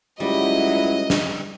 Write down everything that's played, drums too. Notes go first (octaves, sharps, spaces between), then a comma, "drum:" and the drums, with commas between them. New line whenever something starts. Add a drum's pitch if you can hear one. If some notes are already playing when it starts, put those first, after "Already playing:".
C#2 F#3 G3 B3 E4 D#5
drum: snare